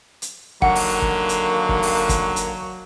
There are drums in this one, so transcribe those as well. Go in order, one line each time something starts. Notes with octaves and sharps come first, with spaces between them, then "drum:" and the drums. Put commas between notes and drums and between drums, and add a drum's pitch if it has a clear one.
drum: hi-hat
D3 D#3 F#3 A#3 F#5, drum: kick
drum: open hi-hat
drum: kick
drum: hi-hat
drum: kick
drum: open hi-hat
drum: kick, hi-hat
drum: hi-hat